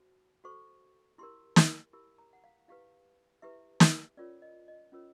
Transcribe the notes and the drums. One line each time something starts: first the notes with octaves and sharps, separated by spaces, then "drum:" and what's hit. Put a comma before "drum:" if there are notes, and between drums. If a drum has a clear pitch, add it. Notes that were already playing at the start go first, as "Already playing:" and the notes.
Already playing: F#4 C5
F#4 A4 C5 C#6
E4 G4 A#4 C6
drum: snare
E4 G4 A#4 B5
A#5
F#5
F5
E4 G4 B4 F5
E4 G4 B4 E5
drum: snare
C#4 F4 A#4 C#5 D5
D#5
D#5
C#4 F4 A#4 C#5